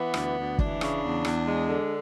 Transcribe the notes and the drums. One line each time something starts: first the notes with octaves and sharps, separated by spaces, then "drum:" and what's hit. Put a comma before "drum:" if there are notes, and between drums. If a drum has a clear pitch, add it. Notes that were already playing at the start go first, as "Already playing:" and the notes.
Already playing: E3 B3
D2, drum: rim click
D2
E3 D4, drum: kick
C#3, drum: rim click
E2
E2, drum: rim click
G#3
D3